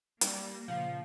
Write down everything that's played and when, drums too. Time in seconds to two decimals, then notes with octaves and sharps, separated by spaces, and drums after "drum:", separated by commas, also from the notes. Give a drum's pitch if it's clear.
0.21 G3 A#3, drum: hi-hat
0.68 A#2 C#3 F3 F5